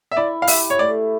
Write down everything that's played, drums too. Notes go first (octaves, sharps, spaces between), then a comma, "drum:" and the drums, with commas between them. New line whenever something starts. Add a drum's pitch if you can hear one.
E5
E4 D5
F5
G4 E5, drum: open hi-hat
C#5
A3 D5